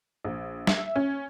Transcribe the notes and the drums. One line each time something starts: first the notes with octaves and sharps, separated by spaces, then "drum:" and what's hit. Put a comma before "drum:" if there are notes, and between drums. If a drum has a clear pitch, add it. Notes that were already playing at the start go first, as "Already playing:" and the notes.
A#1
E5, drum: snare
C#4